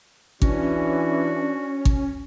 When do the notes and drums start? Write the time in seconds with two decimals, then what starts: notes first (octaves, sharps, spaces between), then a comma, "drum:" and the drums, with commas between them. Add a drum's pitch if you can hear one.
0.42 E3 C#4 D4 F#4, drum: kick G#1
1.85 drum: kick G#1